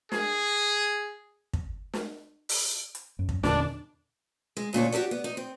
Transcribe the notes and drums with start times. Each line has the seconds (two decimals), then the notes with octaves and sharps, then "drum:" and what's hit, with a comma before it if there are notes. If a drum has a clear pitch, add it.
0.12 G#4, drum: snare
1.54 drum: kick
1.93 drum: snare
2.49 drum: open hi-hat
2.95 drum: hi-hat
3.19 F#2
3.29 drum: kick
3.43 E2 A#2 D3 D4, drum: snare
4.57 G#3
4.73 D2 A#2 D4 C#5
4.92 F#4 G4 A4 D5
5.11 B3
5.24 D#4
5.37 C4